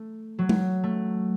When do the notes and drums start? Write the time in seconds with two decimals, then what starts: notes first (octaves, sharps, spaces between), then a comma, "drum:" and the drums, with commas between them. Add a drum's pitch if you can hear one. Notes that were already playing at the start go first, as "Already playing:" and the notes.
Already playing: A3
0.39 F#3
0.49 drum: tom G#3
0.83 A3